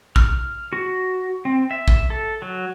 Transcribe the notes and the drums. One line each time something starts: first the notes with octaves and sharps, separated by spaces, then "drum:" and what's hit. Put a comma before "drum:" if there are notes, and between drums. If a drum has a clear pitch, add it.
F6, drum: kick
F#4
C4
E5
drum: kick
A4
F#3